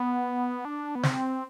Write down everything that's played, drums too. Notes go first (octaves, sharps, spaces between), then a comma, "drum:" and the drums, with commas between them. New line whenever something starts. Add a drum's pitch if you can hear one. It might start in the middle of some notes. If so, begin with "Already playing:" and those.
Already playing: B3
D4
B3
C4, drum: snare